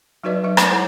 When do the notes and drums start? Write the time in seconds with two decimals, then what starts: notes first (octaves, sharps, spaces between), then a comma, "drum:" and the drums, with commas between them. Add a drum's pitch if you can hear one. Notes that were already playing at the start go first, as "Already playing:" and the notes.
0.23 F#3 D#4 F#4 B4 D5 D#5
0.43 F#3 D#4 D#5
0.57 G5 A#5 B5, drum: rim click
0.70 G#3 E4 A4 C5 C#5 F#5